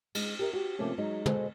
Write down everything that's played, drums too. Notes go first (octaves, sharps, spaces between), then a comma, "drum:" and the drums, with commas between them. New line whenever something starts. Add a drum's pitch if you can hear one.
G#3, drum: cymbal
G4 A#4 E5
F#4 G4
C3 F3 A3 A#3 C#4
F#3 G#3 D#4
B2 G#3 A4 B4 C5 D#5, drum: tom